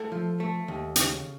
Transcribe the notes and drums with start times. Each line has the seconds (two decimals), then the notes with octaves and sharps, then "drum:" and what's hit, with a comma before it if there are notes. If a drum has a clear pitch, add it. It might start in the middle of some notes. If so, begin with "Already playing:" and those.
Already playing: A3 A4
0.12 F3
0.40 A3
0.68 D#2
0.96 C#3, drum: hi-hat